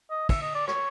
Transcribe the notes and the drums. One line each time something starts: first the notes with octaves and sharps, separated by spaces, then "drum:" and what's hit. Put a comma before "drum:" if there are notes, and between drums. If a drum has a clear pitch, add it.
D#5
E5, drum: kick, cymbal
D#5
D5
C#5, drum: rim click